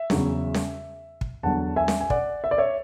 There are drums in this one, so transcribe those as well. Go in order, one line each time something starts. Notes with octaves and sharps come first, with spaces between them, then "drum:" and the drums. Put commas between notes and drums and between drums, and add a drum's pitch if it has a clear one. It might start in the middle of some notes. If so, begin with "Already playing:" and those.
Already playing: E5
E2 C#3 F#3, drum: snare C#4
drum: snare C#4
drum: kick
E2 D3 F#3 F#5 A5
E5 G#5
drum: snare C#4
G#5
D5 F#5, drum: kick
E5
D5
C#5 E5